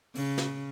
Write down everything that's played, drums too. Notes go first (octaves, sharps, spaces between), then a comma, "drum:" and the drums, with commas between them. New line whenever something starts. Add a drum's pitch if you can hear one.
C#3, drum: open hi-hat
drum: snare